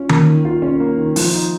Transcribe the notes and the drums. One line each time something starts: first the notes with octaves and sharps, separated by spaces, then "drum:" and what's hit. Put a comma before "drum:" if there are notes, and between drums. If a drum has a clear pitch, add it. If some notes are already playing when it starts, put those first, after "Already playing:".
Already playing: C#4 F4
A#3, drum: tom D#3
D#3
F4
C#4
A#3
D#3
F3, drum: open hi-hat
D#4